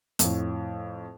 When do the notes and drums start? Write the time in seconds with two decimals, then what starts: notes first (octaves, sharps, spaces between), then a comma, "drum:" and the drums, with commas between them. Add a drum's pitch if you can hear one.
0.19 F2 A2, drum: hi-hat